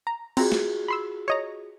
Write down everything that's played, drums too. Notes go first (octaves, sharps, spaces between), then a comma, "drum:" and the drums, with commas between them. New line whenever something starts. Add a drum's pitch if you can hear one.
A#5
C4 F4 F#4 G#4 A#5, drum: cymbal
drum: snare
B5 C6 E6
C#5 D#5 A#5